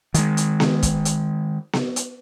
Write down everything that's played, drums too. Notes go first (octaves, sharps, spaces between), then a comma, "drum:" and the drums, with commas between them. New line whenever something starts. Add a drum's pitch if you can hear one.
D#3 G#3, drum: hi-hat
drum: hi-hat
drum: snare B3
drum: kick, hi-hat
drum: hi-hat
drum: snare B3
drum: hi-hat